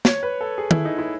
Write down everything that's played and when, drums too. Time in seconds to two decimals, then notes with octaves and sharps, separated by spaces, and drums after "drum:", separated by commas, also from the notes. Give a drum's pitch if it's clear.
0.05 C#5, drum: snare
0.23 B4
0.41 A4
0.58 G#4
0.71 E4, drum: tom
0.85 D#4
0.98 E4